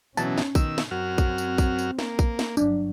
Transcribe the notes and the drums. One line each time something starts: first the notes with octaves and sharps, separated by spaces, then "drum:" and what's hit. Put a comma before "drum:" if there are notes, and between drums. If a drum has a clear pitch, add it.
B2 E3 F#3 C#4 A5, drum: tambourine
drum: snare
B2 D#3 E6, drum: kick A#1, tambourine
drum: snare
F#2 C4 F#4 F6
drum: kick A#1, tambourine
drum: tambourine
drum: kick A#1, tambourine
drum: tambourine
A#3, drum: snare
drum: kick A#1, tambourine
drum: snare
G1 F#3 D4, drum: tambourine